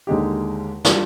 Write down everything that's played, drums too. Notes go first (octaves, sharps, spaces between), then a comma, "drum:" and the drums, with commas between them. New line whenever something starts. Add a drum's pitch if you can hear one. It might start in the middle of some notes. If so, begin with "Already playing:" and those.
D#2 D3 G#3 D#4 G4
G3 D4 F4, drum: snare